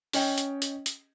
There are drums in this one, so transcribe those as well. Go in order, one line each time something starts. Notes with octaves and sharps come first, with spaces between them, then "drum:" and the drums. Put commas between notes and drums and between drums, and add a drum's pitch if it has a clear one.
C#4 C#5 D#5 G5, drum: open hi-hat
drum: hi-hat
drum: hi-hat
drum: hi-hat